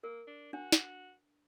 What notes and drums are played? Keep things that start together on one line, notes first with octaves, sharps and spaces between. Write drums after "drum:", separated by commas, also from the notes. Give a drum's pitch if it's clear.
A#3 A#4
D4
D4 F#4
drum: snare